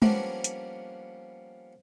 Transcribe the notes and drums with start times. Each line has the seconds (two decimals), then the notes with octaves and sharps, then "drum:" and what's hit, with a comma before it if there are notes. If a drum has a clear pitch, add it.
0.02 F3 G3 A#3 B3 C#4 D4, drum: tom G#3
0.44 drum: hi-hat